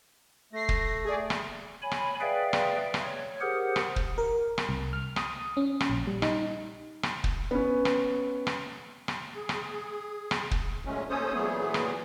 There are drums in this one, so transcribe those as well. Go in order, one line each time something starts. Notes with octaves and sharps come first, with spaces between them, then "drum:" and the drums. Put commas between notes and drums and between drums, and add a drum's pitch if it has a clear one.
A3 A#6 C7
drum: kick
G#4 D5
drum: rim click
C#5 G#5 B5
drum: rim click
G#4 B4 D5 E5 F5 G5
drum: rim click
drum: rim click
C#5
G4 G#4 A#4 C5 F#5
drum: rim click
drum: kick
A#4
drum: rim click
C2
F6
D#6, drum: rim click
C#4
drum: rim click
A#1
G3
D#4, drum: rim click
drum: rim click
drum: kick
B3 C#4
drum: rim click
drum: rim click
drum: rim click
G#4
drum: rim click
drum: rim click
drum: kick
A#2 F#3 G#3 A3 C#4
D#2 C#4 A4 C5 C#5 D#6
A#2 E3 F#3 A3 B3 G#4
drum: rim click